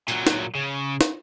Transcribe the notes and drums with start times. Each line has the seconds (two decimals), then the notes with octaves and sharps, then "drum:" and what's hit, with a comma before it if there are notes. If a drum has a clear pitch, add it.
0.08 A#2 F#3, drum: tambourine
0.27 drum: snare
0.55 C#3
1.01 drum: snare